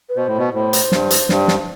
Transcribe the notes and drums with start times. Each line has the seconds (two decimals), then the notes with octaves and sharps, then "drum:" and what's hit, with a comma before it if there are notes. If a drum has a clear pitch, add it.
0.09 B4
0.17 B2 C5
0.27 A2
0.38 B2
0.54 A2 C5
0.73 drum: hi-hat
0.92 G2, drum: snare
1.10 drum: hi-hat
1.29 G2, drum: snare
1.48 drum: snare